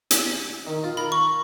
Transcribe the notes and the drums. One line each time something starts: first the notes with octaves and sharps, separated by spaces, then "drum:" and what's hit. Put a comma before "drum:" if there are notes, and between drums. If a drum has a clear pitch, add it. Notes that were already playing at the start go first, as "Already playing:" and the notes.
drum: hi-hat
D#3
F4
A#4 B5
C#6